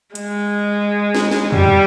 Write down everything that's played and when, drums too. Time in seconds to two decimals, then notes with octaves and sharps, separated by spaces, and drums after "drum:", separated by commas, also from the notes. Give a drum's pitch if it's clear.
0.15 G#3, drum: hi-hat
1.15 drum: snare
1.31 drum: snare
1.52 G3, drum: tom E2